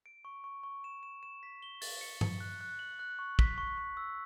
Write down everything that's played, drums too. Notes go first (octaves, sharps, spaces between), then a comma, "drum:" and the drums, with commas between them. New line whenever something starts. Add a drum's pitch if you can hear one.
D7
C#6
C#6
C#6
E7
E7
E7
B6
G7
A6, drum: open hi-hat
C#7
C#7, drum: tom G2
F#6
F#6
F#7
F#6
C#6
B6, drum: kick
C#6
C#6
E6